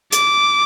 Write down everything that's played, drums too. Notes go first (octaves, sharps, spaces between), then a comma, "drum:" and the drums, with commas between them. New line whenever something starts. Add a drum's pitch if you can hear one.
D6, drum: hi-hat